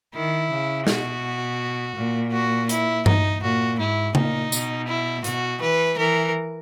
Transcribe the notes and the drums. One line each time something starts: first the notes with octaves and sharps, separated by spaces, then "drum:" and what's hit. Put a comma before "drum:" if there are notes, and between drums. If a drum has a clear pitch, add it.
D#3 E4
C#3
B2 F#4, drum: snare
A#2
F#4
E4, drum: hi-hat
D#4, drum: tom G2
A#2 F#4
G#2 E4
A#2 D#4, drum: tom C#3
B2, drum: tambourine
E4
B2 F#4, drum: hi-hat
E3 B4
E3 A#4